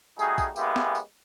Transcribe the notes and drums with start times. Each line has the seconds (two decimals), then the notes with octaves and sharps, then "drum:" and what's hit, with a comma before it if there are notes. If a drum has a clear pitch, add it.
0.19 G3 A3 D#4 F#4 G#4, drum: tambourine
0.38 drum: kick, tambourine
0.56 G#3 A#3 B3 C#4 E4 G4, drum: tambourine
0.76 drum: snare
0.95 drum: tambourine